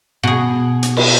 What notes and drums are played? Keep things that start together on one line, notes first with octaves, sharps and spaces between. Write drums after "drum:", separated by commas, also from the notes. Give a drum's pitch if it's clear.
B2 G#4
drum: hi-hat
drum: cymbal